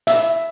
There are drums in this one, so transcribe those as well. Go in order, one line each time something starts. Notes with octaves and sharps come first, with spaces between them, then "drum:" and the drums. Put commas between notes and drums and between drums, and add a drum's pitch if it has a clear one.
E5, drum: hi-hat